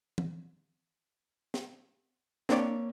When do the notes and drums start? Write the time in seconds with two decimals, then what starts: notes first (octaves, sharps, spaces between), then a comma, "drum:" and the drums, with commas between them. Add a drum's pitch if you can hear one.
0.18 drum: tom E3
1.54 drum: snare
2.49 A#3 C4 D4 C#5 D5, drum: snare